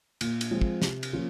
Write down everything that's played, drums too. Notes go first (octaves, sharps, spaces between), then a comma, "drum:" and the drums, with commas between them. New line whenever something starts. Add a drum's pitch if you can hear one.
A#2, drum: cymbal
drum: cymbal
F3 G#3 C4 F4
drum: kick
C3, drum: snare
drum: cymbal
F3 A#3 C#4 F4